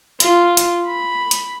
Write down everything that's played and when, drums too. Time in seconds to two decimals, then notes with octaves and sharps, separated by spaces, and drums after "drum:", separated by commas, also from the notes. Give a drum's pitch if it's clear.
0.20 F4, drum: hi-hat
0.57 drum: hi-hat
0.86 B5
1.31 drum: hi-hat